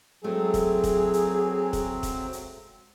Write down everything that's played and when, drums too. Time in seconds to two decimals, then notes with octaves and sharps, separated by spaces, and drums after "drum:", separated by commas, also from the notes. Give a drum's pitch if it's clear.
0.24 F#3 G#3 A3 C4 G#4
0.54 drum: kick, hi-hat
0.84 drum: kick, hi-hat
1.13 drum: hi-hat
1.73 drum: kick, hi-hat
2.03 drum: kick, hi-hat
2.33 drum: hi-hat